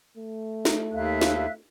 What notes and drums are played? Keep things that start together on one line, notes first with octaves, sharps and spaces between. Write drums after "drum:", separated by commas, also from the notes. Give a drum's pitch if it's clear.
A3
drum: snare
D#2 E5 F5 F#6
drum: snare